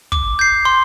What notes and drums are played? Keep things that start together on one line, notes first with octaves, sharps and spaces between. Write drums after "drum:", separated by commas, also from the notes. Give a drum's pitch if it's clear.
D6, drum: kick
G6 C7
C6